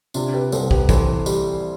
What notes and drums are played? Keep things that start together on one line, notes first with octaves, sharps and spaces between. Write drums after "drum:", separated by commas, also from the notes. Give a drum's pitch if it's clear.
C3 D4 F4, drum: tambourine
G4 B4
C2 A4 C5, drum: tambourine
G4 B4, drum: kick
E3 A4 C5, drum: kick, tambourine
G3, drum: tambourine